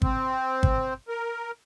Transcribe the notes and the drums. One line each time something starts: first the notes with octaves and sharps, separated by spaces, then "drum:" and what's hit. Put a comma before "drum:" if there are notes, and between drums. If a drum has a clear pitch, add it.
C4, drum: kick
drum: kick
A#4